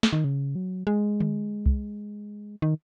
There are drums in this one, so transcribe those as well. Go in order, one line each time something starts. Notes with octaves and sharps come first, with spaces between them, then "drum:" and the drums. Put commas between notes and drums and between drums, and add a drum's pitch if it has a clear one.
drum: snare
D#3
C#3
F#3
G#3
drum: tom D3
drum: kick C2
D#3